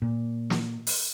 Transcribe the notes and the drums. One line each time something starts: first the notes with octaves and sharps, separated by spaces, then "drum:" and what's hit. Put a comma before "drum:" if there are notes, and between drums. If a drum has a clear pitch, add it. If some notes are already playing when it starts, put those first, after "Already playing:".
A#2
drum: snare
drum: open hi-hat